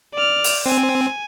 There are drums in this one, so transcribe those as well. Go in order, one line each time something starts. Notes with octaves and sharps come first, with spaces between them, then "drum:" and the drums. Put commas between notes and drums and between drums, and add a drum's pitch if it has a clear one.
D5 F6
drum: open hi-hat
C4 G#5